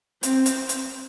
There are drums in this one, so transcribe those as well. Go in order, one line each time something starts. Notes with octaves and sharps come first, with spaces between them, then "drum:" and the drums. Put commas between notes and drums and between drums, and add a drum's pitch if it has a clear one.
C4, drum: hi-hat
drum: hi-hat
drum: hi-hat